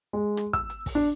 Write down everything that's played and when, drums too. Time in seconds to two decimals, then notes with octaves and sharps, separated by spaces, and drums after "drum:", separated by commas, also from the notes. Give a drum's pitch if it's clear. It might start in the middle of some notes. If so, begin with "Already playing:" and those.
0.13 G#3
0.37 drum: rim click
0.53 E6, drum: kick, hi-hat
0.70 drum: hi-hat
0.86 drum: kick, open hi-hat
0.95 D4